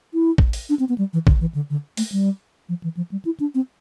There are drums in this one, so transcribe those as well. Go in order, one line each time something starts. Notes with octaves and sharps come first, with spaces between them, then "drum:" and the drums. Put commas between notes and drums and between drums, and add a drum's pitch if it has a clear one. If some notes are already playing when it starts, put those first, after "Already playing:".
E4
drum: kick A1
drum: open hi-hat
D4
C4
B3
G3
E3
D3, drum: kick A1
E3
D3
D3
A3, drum: open hi-hat
G3
F3
E3
F3
G3
E4
D4
C4